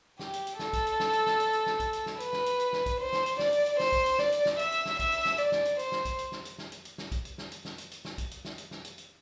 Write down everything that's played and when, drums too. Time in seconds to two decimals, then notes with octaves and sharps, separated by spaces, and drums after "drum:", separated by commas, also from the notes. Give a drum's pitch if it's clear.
0.19 G4, drum: snare
0.33 drum: hi-hat
0.47 drum: hi-hat
0.59 A4, drum: snare
0.73 drum: kick, hi-hat
0.87 drum: hi-hat
1.00 drum: snare
1.13 drum: hi-hat
1.26 drum: snare
1.40 drum: hi-hat
1.53 drum: hi-hat
1.66 drum: snare
1.80 drum: kick, hi-hat
1.93 drum: hi-hat
2.06 drum: snare
2.20 B4, drum: hi-hat
2.33 drum: snare
2.46 drum: hi-hat
2.59 drum: hi-hat
2.73 drum: snare
2.86 drum: kick, hi-hat
3.00 C5
3.13 drum: snare
3.26 drum: hi-hat
3.39 D5, drum: snare
3.53 drum: hi-hat
3.66 drum: hi-hat
3.80 C5, drum: snare
3.92 drum: kick, hi-hat
4.06 drum: hi-hat
4.19 D5, drum: snare
4.32 drum: hi-hat
4.46 drum: snare
4.59 E5, drum: hi-hat
4.72 drum: hi-hat
4.86 drum: snare
4.99 E5, drum: kick, hi-hat
5.12 drum: hi-hat
5.25 drum: snare
5.38 D5, drum: hi-hat
5.52 drum: snare
5.65 drum: hi-hat
5.79 C5, drum: hi-hat
5.92 drum: snare
6.05 drum: kick, hi-hat
6.19 drum: hi-hat
6.32 drum: snare
6.45 drum: hi-hat
6.58 drum: snare
6.72 drum: hi-hat
6.85 drum: hi-hat
6.98 drum: snare
7.12 drum: kick, hi-hat
7.25 drum: hi-hat
7.38 drum: snare
7.52 drum: hi-hat
7.65 drum: snare
7.78 drum: hi-hat
7.91 drum: hi-hat
8.05 drum: snare
8.18 drum: kick, hi-hat
8.31 drum: hi-hat
8.45 drum: snare
8.58 drum: hi-hat
8.71 drum: snare
8.85 drum: hi-hat
8.98 drum: hi-hat